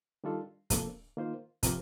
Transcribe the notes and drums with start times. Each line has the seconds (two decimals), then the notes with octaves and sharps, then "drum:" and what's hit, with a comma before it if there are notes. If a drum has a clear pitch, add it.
0.24 D#3 G3 D4 F4 A4
0.70 C3 F3 A#3 D4 A4, drum: kick, hi-hat
1.17 D#3 A#3 F4 C5
1.63 C3 F3 C4 G4 A#4, drum: kick, hi-hat